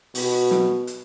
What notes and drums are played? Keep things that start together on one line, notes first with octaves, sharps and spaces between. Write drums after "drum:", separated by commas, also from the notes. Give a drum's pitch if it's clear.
B2, drum: open hi-hat
drum: snare
drum: hi-hat